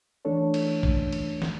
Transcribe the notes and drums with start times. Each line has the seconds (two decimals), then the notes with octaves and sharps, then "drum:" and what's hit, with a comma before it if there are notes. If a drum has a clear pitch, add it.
0.25 E3 A3 C#4 D4 A4 C#5
0.54 drum: cymbal
0.83 drum: kick
1.12 drum: cymbal
1.42 drum: snare